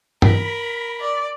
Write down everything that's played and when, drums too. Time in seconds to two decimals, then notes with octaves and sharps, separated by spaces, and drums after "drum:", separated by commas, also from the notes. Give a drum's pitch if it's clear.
0.22 A#4 B5, drum: tom G2
1.00 D5